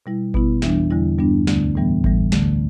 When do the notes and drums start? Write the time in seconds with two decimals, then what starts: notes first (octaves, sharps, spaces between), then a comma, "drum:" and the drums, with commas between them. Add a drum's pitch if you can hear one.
0.06 B2 G3 E4
0.34 B2 B3 E4, drum: kick G#1
0.62 E2 E3 G3 D4, drum: snare
0.91 E2 D3 G3 E4
1.18 G2 G3 B3 D4
1.47 D2 D3 A3, drum: snare
1.75 A2 E3 G3 B3
2.04 A2 E3 G3, drum: kick G#1
2.32 D2 D3 A3, drum: snare